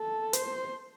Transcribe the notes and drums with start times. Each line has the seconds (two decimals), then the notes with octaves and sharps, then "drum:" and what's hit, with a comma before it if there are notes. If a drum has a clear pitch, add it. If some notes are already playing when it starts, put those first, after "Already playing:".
Already playing: A4
0.33 C5, drum: hi-hat